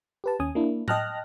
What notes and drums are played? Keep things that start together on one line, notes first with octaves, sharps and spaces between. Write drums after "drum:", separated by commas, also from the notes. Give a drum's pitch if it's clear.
G4 B4 A5
D#2 C#4 G#5 D#6
A#3 D4 E4
D#5 G5 A5 F6 F#6 A#6, drum: tom A2